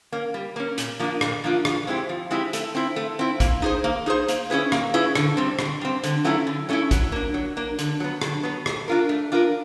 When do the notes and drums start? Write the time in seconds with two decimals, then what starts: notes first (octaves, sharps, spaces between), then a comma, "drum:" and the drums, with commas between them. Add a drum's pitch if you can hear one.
0.12 A#3 C#4
0.34 G3
0.56 A#3 C#4
0.78 A#2, drum: hi-hat
0.99 F3 A#3 D4 F4
1.21 A#2, drum: rim click
1.44 F3 A#3 D4 F4
1.65 F3, drum: rim click
1.87 G#3 C4 E4 G4
2.09 F3
2.30 G#3 C4 E4 G4
2.53 A3, drum: hi-hat
2.75 C4 E4
2.96 A3
3.19 C4 E4
3.40 A#3, drum: kick A#1, hi-hat
3.62 D#4 G#4 C5
3.84 A#3
4.06 D#4 G#4 C5
4.28 A#3, drum: hi-hat
4.50 C#4 E4 G#4 B4
4.72 A#3, drum: rim click
4.94 C#4 E4 G#4 B4
5.15 D3, drum: rim click
5.37 G3 C4
5.59 D3, drum: rim click
5.81 G3 C4
6.04 D3, drum: hi-hat
6.24 F#3 A3 C#4 E4
6.47 D3
6.69 F#3 A3 C#4 E4
6.91 F#3, drum: kick A#1, hi-hat
7.12 A#3 D4
7.34 F#3
7.57 A#3 D4
7.79 D3, drum: hi-hat
8.00 F#3 B3
8.22 D3, drum: rim click
8.43 F#3 B3
8.66 A3, drum: rim click
8.88 D4 F4 A#4
9.09 A3
9.32 D4 F4 A#4